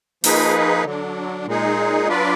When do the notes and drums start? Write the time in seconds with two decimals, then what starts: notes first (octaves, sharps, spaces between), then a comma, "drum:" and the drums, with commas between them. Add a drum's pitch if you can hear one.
0.24 F3 A#3 D#4 G#4 B4, drum: open hi-hat
0.85 D3 F#3 D4
1.46 A#2 G#3 D#4 G#4
2.08 F#3 D4 F4 B4 D5